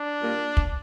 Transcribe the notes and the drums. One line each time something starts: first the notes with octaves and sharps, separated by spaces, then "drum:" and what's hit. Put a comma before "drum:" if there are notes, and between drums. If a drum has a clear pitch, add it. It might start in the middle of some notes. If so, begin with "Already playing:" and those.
Already playing: D4
A#2 G3 A#3
drum: kick